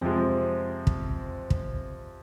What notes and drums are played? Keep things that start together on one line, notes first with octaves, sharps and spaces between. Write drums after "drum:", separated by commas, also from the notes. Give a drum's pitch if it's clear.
F2 C3 F3 G#3 C4
drum: kick
drum: kick